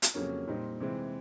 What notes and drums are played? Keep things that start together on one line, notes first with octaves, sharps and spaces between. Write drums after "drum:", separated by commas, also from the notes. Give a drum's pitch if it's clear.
drum: hi-hat
F2 C#3 F#3 A#3 C#4
A#2 G3 C4 D#4
C3 E3 G#3 C4